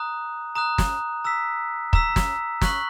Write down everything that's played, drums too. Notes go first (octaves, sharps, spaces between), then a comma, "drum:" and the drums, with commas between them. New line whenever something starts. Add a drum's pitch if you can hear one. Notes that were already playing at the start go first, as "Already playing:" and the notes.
Already playing: A#5 D#6 F#6
A#5 D#6 F#6
drum: snare
A#5 E6 B6
A#5 E6 B6, drum: kick
drum: snare
C#6 F#6 B6 F#7, drum: snare